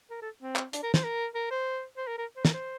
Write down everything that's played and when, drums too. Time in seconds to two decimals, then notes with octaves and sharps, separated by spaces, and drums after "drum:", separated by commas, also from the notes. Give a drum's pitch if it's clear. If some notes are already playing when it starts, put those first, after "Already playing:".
0.10 A#4
0.22 A4
0.42 C4
0.56 drum: clap
0.73 D4, drum: hi-hat
0.83 A#4
0.94 C5, drum: snare
1.04 A#4
1.35 A#4
1.51 C5
1.97 C5
2.07 A#4
2.18 A#4
2.36 C5
2.45 A#4, drum: snare
2.53 C5